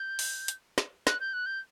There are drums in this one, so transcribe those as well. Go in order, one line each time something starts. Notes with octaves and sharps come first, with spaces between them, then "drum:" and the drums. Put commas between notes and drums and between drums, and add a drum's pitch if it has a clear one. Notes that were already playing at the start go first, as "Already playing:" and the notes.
Already playing: G6
drum: open hi-hat
drum: hi-hat
drum: snare
F#6, drum: snare
G6
F#6
G6